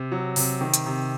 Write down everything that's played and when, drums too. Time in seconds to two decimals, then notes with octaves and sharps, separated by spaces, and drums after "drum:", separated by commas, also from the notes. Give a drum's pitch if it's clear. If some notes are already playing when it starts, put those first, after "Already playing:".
Already playing: C3
0.12 F#3
0.36 C3, drum: open hi-hat
0.61 D#3
0.74 drum: hi-hat
0.86 C3